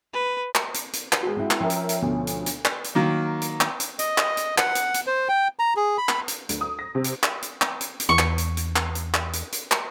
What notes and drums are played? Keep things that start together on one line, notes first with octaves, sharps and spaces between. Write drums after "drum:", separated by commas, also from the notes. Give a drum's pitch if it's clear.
B4
drum: clap
drum: hi-hat
drum: hi-hat
drum: clap
G#3 F#4
C4 E4
drum: clap
F3 C#4 A#4 E5 G5
drum: hi-hat
drum: hi-hat
D2 B2
drum: hi-hat
drum: hi-hat
drum: clap
drum: hi-hat
D#3 F#3 A#3
drum: hi-hat
drum: clap
drum: hi-hat
D#5, drum: hi-hat
drum: clap
drum: hi-hat
F#5, drum: clap
drum: hi-hat
drum: hi-hat
C5
G5
A#5
G#4
B5
drum: clap
drum: hi-hat
D2, drum: hi-hat
D#6
A#6
C3
drum: hi-hat
drum: clap
drum: hi-hat
drum: clap
drum: hi-hat
drum: hi-hat
E2 C#6
drum: clap
drum: hi-hat
drum: hi-hat
drum: clap
drum: hi-hat
drum: clap
drum: hi-hat
drum: hi-hat
drum: clap